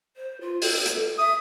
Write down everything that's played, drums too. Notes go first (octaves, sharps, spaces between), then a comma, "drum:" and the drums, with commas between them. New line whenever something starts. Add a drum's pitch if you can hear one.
C5
F4
A4, drum: open hi-hat
drum: hi-hat
E5 D#6